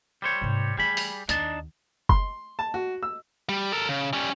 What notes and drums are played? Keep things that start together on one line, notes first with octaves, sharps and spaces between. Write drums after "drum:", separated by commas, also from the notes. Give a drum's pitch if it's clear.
G3 C5 C#5
G#2 C3
E3 G3 A3 G#4 B5
drum: open hi-hat
D#2 B3 D4 D#4 A5, drum: hi-hat
C6, drum: kick F#1
A5
F#4
E6
G3
A4 A#4
C#3
G3 C#4